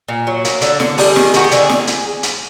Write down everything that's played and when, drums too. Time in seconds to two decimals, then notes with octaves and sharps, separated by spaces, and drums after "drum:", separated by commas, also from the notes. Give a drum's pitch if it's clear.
0.08 A#2
0.27 F#3
0.45 A#3, drum: hi-hat
0.61 D3, drum: hi-hat
0.80 D3, drum: snare
0.98 G3 G#4, drum: open hi-hat
1.16 D#3, drum: snare
1.34 D#3 F#4, drum: hi-hat
1.44 G4
1.51 D3 G#4, drum: hi-hat
1.69 drum: snare
1.87 drum: hi-hat
2.23 drum: hi-hat